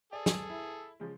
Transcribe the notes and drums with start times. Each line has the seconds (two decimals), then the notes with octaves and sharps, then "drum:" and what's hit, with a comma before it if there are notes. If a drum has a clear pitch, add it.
0.13 G#4 A4 D5
0.26 drum: snare
0.50 E4
1.00 C#3 F3 G#3